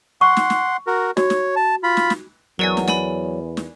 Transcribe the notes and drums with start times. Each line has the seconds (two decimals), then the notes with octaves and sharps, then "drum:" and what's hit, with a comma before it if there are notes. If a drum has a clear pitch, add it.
0.21 F#5 C6 C#6
0.37 drum: snare
0.50 drum: snare
0.87 F#4 A#4
1.17 F#4 C#5, drum: snare
1.30 drum: snare
1.56 A5
1.83 F4 B5
1.97 drum: snare
2.10 drum: snare
2.59 E2 F#3 A#4 D5 G#5
2.77 drum: snare
2.88 D5 G#5 B5, drum: snare
3.57 drum: snare